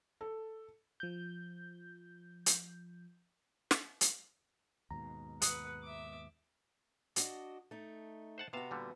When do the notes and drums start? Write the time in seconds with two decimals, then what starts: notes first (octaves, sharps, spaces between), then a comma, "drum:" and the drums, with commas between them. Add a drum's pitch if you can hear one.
0.21 A4
1.00 F3 G6
2.46 drum: hi-hat
3.71 drum: snare
4.01 drum: hi-hat
4.91 D#2 G#2 B2 A#5
5.42 B4 F#5 D#6, drum: hi-hat
5.83 E5 D6
7.16 D4 F#4 D#5, drum: hi-hat
7.71 A3 D#4
8.38 C5 F#5 A5
8.53 C3 B3 F#4 F5 A5
8.71 A#2 D3 G3